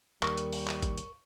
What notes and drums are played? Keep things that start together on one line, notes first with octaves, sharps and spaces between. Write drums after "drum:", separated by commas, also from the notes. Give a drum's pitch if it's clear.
D#2 G3 A#4 C#6, drum: clap
drum: hi-hat
drum: open hi-hat
drum: clap
drum: kick, hi-hat
drum: hi-hat